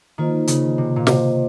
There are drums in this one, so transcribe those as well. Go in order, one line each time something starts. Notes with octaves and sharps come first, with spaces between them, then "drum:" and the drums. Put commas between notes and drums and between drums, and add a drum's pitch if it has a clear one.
D#3 A#3 F4 C5 D#5
C#3, drum: hi-hat
C3
A#2
C3 A#3 F4 C5 D#5, drum: snare